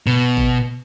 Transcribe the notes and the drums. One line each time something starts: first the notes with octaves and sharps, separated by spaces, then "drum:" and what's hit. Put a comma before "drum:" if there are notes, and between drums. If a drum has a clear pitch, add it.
B2
drum: kick G1